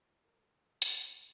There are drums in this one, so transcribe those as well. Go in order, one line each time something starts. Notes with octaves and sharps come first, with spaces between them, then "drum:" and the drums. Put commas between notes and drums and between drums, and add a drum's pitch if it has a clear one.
E4 A4 A#4
drum: hi-hat